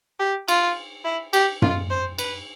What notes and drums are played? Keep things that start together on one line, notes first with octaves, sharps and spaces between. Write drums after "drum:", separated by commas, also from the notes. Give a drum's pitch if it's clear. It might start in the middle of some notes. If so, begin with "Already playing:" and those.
G4
F4, drum: cymbal
E4
G4, drum: cymbal
F4, drum: tom F#2
C5
B4, drum: cymbal